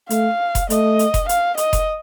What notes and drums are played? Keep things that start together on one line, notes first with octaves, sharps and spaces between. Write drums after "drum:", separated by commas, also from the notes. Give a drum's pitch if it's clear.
A3 F5, drum: hi-hat
drum: kick F1, hi-hat
A3 D#5, drum: hi-hat
drum: hi-hat
drum: kick F1, hi-hat
F5, drum: hi-hat
D#5, drum: hi-hat
drum: kick F1, hi-hat